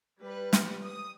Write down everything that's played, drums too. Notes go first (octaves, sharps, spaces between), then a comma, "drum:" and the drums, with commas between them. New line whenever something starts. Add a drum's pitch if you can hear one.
G3 B4
drum: snare
D#6